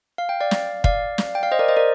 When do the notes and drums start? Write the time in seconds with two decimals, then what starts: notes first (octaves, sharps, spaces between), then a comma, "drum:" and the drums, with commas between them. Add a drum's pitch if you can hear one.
0.18 F5
0.29 G5
0.41 D5 F5
0.51 drum: snare
0.84 D5 F5, drum: kick
1.18 drum: snare
1.35 G5
1.43 F5
1.52 C5 D#5
1.59 A#4 D5
1.68 C5 D#5
1.77 A#4 D5